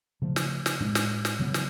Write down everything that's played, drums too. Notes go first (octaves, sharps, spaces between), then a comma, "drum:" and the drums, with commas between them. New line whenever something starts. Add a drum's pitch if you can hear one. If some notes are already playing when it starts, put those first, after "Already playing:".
C#3 F3 A3
drum: snare
drum: snare
A2 G#3 D4
drum: snare
drum: snare
C#3 F#3 B3
drum: snare